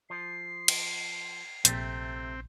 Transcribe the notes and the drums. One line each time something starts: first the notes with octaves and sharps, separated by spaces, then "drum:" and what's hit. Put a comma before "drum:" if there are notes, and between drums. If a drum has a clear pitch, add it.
F3 C7
drum: cymbal
A#1 C3 A3 C4, drum: hi-hat